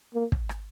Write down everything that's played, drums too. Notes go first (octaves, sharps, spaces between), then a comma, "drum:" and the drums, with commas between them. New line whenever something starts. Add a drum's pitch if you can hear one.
A#3
drum: kick
drum: rim click